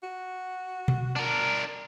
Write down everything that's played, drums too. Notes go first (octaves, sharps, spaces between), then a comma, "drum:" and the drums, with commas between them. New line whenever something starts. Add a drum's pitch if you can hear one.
F#4
drum: tom B2
D4 A#4